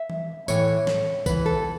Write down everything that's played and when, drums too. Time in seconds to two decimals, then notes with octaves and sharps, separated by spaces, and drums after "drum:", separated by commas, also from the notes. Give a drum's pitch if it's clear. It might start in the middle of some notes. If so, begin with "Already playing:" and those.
Already playing: E5
0.10 drum: tom E3
0.48 A2 E3 B3 C#5, drum: tambourine
0.87 drum: snare
1.26 E3 B3 B4, drum: kick, tambourine
1.46 A4